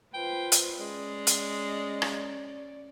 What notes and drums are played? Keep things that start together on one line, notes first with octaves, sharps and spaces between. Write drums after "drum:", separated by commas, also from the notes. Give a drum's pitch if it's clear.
F4 B4 C5 G5
drum: hi-hat
G#3 C#4 D5
drum: hi-hat
drum: rim click